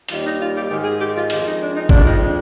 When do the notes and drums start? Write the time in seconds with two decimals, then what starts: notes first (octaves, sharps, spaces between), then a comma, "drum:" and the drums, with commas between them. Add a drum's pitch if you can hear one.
0.09 D#2 D#3 G3 F4, drum: hi-hat
0.24 D#4
0.40 F4
0.55 G4
0.69 G#2 D#3 G#3 G4
0.84 G#4
0.99 G4
1.15 F4
1.30 F2 D#3 G#3 G4, drum: hi-hat
1.45 D#4
1.60 D4
1.75 D#4
1.89 F2 D#3 G#3 D4, drum: kick
2.04 D#4
2.18 D4